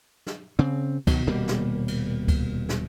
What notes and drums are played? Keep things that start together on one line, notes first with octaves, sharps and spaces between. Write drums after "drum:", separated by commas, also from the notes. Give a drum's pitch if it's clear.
drum: snare
C#3 C4
B2 D#3 F#3, drum: kick C#2, cymbal
D#1 B2 G3 A#3
drum: snare
drum: cymbal
drum: kick C#2, cymbal
drum: snare